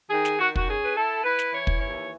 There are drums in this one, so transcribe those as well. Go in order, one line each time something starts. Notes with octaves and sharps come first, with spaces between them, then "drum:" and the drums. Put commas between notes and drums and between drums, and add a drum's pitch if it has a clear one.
D#3 G#4
drum: snare
D#3 F#4
F#4, drum: kick
C#4 G#4
B4
E4 A4
E4 B4
drum: snare
E3 C#5
drum: kick
D#2 C#5